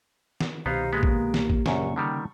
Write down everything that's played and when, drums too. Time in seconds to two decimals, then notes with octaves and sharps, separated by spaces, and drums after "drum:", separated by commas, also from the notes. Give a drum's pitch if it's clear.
0.40 drum: snare
0.66 C2 B2 D#3 B3 D#4 G4 C5 F5
0.93 G#3 A#3 B3
1.03 drum: kick
1.34 drum: snare
1.50 drum: kick
1.66 A#1 F#2 C#3 A#3 C#4 C#6, drum: snare
1.96 D3 D#3 G3